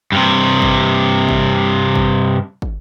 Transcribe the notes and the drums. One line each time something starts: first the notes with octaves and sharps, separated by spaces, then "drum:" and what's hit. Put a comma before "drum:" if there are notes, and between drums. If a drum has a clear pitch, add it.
G2 C3
drum: kick
drum: kick
drum: kick
drum: kick